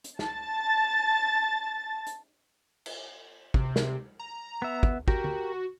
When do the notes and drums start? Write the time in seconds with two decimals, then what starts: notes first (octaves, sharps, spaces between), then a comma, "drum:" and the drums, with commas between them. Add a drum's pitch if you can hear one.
0.04 drum: hi-hat
0.19 A5 A6, drum: snare
2.07 drum: hi-hat
2.86 drum: cymbal
3.54 C3, drum: kick
3.76 drum: snare
4.19 A#5
4.62 B3 E5
4.83 drum: kick
5.08 F#4 G4 A#4, drum: kick
5.24 drum: tom